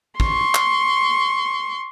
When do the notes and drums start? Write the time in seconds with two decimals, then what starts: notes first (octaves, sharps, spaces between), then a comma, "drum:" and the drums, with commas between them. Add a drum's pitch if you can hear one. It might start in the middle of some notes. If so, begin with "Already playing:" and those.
0.20 C6 C#6, drum: kick
0.55 drum: clap